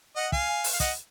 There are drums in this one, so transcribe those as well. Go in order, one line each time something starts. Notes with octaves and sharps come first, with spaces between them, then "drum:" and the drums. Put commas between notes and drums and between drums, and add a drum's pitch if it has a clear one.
D#5 F#5
F5 G#5, drum: kick
drum: open hi-hat
F5
D#5 F#5, drum: kick, hi-hat